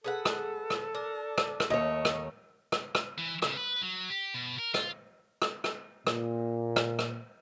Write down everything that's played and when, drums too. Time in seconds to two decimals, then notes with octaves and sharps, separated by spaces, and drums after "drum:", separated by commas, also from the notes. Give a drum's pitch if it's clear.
0.04 G#4 A4 B4 F#5
0.25 drum: rim click
0.70 drum: rim click
0.94 D4 A#4
1.38 drum: rim click
1.60 drum: rim click
1.70 D#2 A3 C#5 D#5
2.05 drum: rim click
2.72 drum: rim click
2.95 drum: rim click
3.19 E3
3.42 C#3, drum: rim click
3.57 B4
3.82 F#3
4.10 G4
4.34 B2
4.59 A#4
4.74 F4, drum: rim click
5.42 drum: rim click
5.64 drum: rim click
6.07 A#2, drum: rim click
6.76 drum: rim click
6.99 drum: rim click